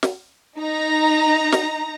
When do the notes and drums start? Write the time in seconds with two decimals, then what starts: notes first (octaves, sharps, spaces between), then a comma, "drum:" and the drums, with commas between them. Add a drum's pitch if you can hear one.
0.03 drum: snare
0.59 D#4 A#5 A#6
1.52 drum: snare